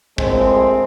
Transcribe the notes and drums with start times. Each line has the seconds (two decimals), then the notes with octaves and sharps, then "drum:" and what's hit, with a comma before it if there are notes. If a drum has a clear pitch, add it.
0.18 A#1 A2 G#3 C4, drum: kick